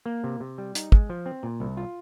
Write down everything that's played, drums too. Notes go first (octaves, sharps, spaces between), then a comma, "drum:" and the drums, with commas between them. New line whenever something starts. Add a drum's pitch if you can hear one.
A#3
C3
C3
G3
D#4, drum: hi-hat
G#3, drum: kick
F3
C4
A#2
C2
F4